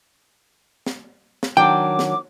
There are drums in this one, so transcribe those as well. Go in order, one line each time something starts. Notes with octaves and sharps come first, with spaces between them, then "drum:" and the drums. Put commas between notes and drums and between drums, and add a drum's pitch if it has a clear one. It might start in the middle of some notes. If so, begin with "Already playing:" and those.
drum: snare
drum: snare
D#3 F#3 D4 G5 D6
drum: snare